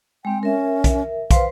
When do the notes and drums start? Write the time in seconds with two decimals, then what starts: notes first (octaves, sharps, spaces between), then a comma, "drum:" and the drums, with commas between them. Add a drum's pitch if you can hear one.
0.25 G#3 C4 G5
0.43 C#4 A#4 E5
0.84 drum: kick, hi-hat
1.31 B4 C5 F5 C6, drum: kick, hi-hat